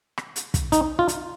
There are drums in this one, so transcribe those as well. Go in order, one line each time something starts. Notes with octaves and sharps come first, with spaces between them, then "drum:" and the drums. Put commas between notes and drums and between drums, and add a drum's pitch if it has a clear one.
drum: rim click
drum: hi-hat
drum: kick, hi-hat
D#4, drum: hi-hat
F4
drum: hi-hat